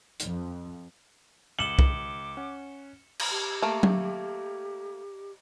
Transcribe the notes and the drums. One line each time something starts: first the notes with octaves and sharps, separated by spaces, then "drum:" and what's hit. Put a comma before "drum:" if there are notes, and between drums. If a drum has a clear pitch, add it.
F2, drum: hi-hat
C#2 D6 C#7 E7 F#7 G7
drum: kick C2
C#4 F#5
drum: cymbal
G4
A3 A#3
drum: tom F#3